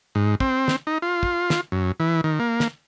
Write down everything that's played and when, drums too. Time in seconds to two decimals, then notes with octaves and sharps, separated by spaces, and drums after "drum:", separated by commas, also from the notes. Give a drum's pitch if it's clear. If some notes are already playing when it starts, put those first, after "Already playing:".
0.15 G#2
0.40 C4, drum: kick
0.68 drum: snare
0.87 D#4
1.02 F4
1.23 drum: kick
1.50 drum: snare
1.72 F#2
2.00 E3
2.24 D#3
2.40 A#3
2.60 drum: snare